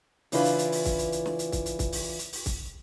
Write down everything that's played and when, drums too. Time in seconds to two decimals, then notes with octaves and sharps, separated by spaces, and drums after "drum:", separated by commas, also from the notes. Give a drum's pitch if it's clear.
0.32 C#3 E3 D4 E4 F4 B4, drum: open hi-hat
0.45 drum: hi-hat
0.59 drum: hi-hat
0.72 drum: open hi-hat
0.85 drum: kick, hi-hat
0.99 drum: hi-hat
1.12 drum: hi-hat
1.26 drum: snare
1.39 drum: hi-hat
1.52 drum: kick, hi-hat
1.66 drum: hi-hat
1.79 drum: kick, hi-hat
1.92 drum: open hi-hat
2.19 drum: hi-hat
2.33 drum: open hi-hat
2.46 drum: kick, hi-hat